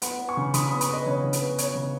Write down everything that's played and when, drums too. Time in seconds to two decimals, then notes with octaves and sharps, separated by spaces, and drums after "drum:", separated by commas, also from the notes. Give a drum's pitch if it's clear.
0.02 B3 F#5 B5, drum: hi-hat
0.19 B3
0.29 G#5 C#6
0.37 C#3
0.54 C#3 B5 D#6, drum: hi-hat
0.67 B3 B5 D#6
0.81 B5 D#6, drum: hi-hat
0.89 B3 B4 D#5
1.06 C#3 C#5
1.24 C#3
1.33 B4, drum: hi-hat
1.41 B3
1.58 B3 C#5, drum: hi-hat
1.75 C#3